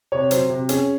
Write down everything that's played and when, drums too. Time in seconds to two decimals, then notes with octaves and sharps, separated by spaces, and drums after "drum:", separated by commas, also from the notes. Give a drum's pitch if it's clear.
0.12 C3 C#5
0.31 F#3 C5, drum: hi-hat
0.50 C3
0.69 C#4 G#4, drum: hi-hat